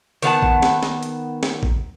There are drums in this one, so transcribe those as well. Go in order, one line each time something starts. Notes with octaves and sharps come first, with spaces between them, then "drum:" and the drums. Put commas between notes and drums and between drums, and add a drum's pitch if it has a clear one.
D#3 B3 F#5 A5, drum: hi-hat
drum: kick A1
drum: snare
drum: snare
drum: hi-hat
drum: snare
drum: kick A1